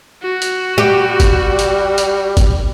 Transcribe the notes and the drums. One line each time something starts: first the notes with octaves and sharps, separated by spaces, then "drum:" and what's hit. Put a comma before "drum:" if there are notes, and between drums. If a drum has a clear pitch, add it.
F#4
drum: hi-hat
G3 G4
drum: kick, hi-hat
drum: hi-hat
drum: hi-hat
drum: kick, hi-hat